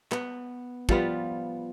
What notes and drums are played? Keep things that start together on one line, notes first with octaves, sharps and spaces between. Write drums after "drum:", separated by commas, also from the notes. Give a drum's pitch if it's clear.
B3, drum: clap
F3 G3 B3 F4, drum: kick